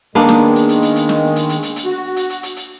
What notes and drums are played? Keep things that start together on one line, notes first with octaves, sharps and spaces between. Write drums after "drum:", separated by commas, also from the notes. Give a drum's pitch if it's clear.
D#3 G#3 A#3 B3 D4
drum: snare
drum: hi-hat
drum: hi-hat
drum: hi-hat
drum: hi-hat
drum: snare
drum: hi-hat
drum: hi-hat
drum: hi-hat
drum: hi-hat
F#4
drum: hi-hat
drum: hi-hat
drum: hi-hat
drum: hi-hat